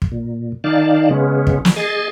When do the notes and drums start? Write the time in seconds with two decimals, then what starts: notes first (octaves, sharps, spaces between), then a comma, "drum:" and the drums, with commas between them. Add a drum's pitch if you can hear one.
0.02 drum: kick
0.12 A#2
0.64 D#3 D#4 D5 F5 A5
1.10 C#3 G#3 B3 C#4
1.47 drum: kick
1.65 drum: snare
1.76 G#4 D#5 G#5 A6